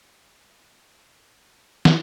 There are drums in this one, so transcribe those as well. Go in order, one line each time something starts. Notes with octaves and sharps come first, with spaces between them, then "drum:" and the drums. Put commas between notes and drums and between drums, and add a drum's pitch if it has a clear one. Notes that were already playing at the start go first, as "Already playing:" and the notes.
Already playing: G1 F#5
F#2 C#3 F#3 F5
A1
G2 D3 G3
G1 F#5
F2 D3 F3 G#3
drum: snare